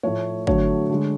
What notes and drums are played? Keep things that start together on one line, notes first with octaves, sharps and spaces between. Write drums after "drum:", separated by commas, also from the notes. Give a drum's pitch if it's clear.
A2 F3 A3 C#5
D3 F#3 A3 C#5, drum: kick
D3 G#3